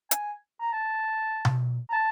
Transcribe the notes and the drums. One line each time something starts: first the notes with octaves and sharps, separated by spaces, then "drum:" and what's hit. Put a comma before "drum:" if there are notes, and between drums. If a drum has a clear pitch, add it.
G#5, drum: hi-hat
A#5
A5
drum: tom B2
A#5
A5